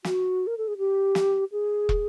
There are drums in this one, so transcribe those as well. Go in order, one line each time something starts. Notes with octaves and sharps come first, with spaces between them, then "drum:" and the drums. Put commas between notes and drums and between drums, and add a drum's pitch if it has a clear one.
F#4, drum: snare
A#4
A4
G#4
G4
drum: snare
G#4
drum: kick